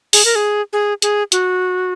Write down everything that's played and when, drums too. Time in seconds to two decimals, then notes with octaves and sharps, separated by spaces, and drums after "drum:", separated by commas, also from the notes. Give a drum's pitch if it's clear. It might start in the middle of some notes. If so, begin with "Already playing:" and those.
0.13 G#4, drum: open hi-hat
0.25 A#4
0.36 G#4
0.73 G#4
1.02 G#4, drum: hi-hat
1.32 F#4, drum: hi-hat